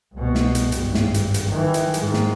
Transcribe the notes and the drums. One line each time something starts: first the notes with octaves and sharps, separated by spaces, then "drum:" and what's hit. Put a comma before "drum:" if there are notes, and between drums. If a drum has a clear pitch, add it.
C2 B2
drum: snare
drum: hi-hat
G#1 G2, drum: hi-hat
drum: snare
drum: hi-hat
drum: hi-hat
D#3 E3
drum: hi-hat
G#2 D#3, drum: hi-hat
drum: snare